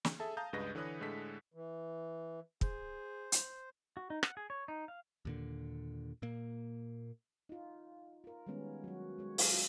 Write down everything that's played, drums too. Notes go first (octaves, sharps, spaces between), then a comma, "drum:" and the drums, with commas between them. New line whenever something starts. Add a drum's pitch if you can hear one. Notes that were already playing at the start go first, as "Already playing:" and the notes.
drum: snare
G#4 A4 E5 A5
F5 A5 A#5 D#6 G6
C#2 G2 G#3 B4 D#5 A#6
D3 E3 B4 C#5 D#6 F#6
A2 D3 G#3 A4 B6
E3
G#4 C5, drum: kick
drum: hi-hat
F#4
D#4
F#5, drum: rim click
G#4
C#5
D#4
F5
D#2 A#2 D3
A#2 A#3
D#4 F4
F4 A#4
D#3 G3 G#3 B3 C#4
F#3 F#4
G#3 C#5
F#3 F4 A4 C5 F5, drum: open hi-hat